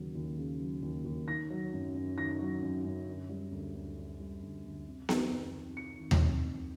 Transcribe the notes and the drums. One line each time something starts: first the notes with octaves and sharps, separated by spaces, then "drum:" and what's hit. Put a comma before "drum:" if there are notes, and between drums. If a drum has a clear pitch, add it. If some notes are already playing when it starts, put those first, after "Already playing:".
Already playing: D#2 C#3 F#3
D#2
C#3
F#3
D#2
D#2
D#3 A#6
F#3
F#2
F#2
D#3 A#6
F#3
F#2
F#2
D3
G3
D2
D2
D3
G3
D2
D2
C3
D#3, drum: snare B3
F2
F2
C3 C#7
D#3
drum: tom D#2
F2
F2